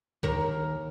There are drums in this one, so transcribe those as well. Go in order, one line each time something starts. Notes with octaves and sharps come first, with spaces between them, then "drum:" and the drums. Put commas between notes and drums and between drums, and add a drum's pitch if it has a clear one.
D#2 D#3 A#4, drum: kick